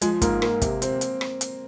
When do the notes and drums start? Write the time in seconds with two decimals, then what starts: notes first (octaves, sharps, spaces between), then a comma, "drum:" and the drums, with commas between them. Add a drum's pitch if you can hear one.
0.01 F3 G#3, drum: hi-hat
0.22 G#2 A#3, drum: kick, hi-hat
0.42 A#3, drum: rim click
0.62 C3, drum: kick, hi-hat
0.82 C4, drum: hi-hat
1.01 drum: hi-hat
1.21 drum: rim click
1.41 drum: hi-hat